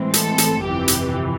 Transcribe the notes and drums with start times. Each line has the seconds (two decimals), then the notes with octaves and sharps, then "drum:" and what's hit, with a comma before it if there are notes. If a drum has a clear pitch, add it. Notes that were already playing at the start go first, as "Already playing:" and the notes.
Already playing: A2 E3 G#3 C4
0.14 A4, drum: hi-hat
0.38 drum: hi-hat
0.63 G1 F2 C3 E3 G4
0.88 drum: hi-hat